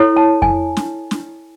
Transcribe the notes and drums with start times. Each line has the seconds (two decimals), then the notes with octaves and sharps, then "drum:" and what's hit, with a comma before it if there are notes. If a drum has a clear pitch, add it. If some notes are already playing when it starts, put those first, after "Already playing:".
Already playing: E4 A4 C#5
0.17 A5
0.42 G#5, drum: kick F2
0.77 drum: snare
1.11 drum: snare